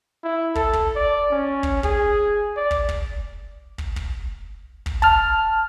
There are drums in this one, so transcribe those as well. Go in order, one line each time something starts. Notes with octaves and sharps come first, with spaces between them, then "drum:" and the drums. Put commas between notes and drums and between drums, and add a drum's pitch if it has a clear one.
E4
A4, drum: kick
drum: kick
D5
C#4
drum: kick
G#4, drum: kick
D5
drum: kick
drum: kick
drum: kick
drum: kick
drum: kick
A5 F6, drum: kick